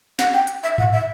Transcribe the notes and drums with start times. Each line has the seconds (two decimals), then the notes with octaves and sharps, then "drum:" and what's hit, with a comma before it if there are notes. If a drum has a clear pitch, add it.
0.19 F#5, drum: snare
0.33 G5
0.47 drum: hi-hat
0.63 E5
0.78 F#5, drum: tom G#2
0.92 E5